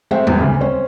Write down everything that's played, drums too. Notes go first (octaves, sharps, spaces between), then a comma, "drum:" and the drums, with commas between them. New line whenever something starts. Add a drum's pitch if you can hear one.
G#3 A3 C4 C5 E5 G5
E2 A2 C3 F#3, drum: tom G3
D2 C#3
C4 C#4 C5